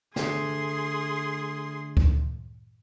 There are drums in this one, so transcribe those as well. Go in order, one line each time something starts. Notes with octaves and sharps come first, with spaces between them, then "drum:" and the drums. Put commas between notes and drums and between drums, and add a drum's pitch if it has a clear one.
D3 A3 G#4 C6, drum: snare
drum: kick D2